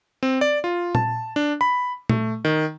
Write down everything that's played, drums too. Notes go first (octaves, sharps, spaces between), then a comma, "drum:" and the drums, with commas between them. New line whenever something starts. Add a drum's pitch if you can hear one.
C4
D5
F4
A5, drum: tom A#2
D4
B5
A3, drum: tom A#2
D#3